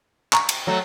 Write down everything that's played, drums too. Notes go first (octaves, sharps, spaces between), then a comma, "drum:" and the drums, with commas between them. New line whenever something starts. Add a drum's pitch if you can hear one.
A#5 C#6, drum: clap
drum: cymbal
F#3 A3